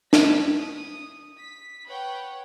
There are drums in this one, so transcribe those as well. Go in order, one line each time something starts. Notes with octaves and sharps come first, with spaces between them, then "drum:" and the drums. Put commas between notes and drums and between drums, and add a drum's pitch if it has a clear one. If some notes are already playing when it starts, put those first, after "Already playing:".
B6, drum: snare D4
D#6
B6
B4 C#5 F#5 G5 B5